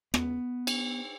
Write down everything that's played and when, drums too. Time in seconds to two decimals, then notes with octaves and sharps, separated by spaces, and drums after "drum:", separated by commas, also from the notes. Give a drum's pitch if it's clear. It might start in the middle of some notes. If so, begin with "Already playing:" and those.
0.14 B3, drum: rim click
0.67 drum: cymbal